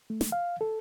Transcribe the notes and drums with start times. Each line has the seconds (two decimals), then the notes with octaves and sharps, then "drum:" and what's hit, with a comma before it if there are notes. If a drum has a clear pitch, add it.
0.10 A3
0.21 drum: snare
0.32 F5
0.61 A4